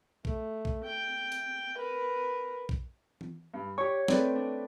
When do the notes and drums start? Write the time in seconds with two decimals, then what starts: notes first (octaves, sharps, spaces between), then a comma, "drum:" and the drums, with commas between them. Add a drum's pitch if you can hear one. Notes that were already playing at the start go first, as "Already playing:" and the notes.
0.25 A3, drum: kick
0.65 drum: kick
0.84 G5
1.32 drum: hi-hat
1.76 A#4 B4
2.69 drum: kick
3.21 drum: tom E3
3.54 G2
3.78 G4 C#5 C#6
4.08 A3 C4 B4 D5, drum: snare
4.35 D4